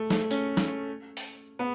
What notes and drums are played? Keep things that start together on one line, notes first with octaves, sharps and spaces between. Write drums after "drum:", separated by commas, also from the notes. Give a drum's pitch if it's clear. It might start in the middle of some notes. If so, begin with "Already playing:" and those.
Already playing: A3
A3, drum: snare
C#4, drum: tambourine
drum: snare
drum: open hi-hat
B3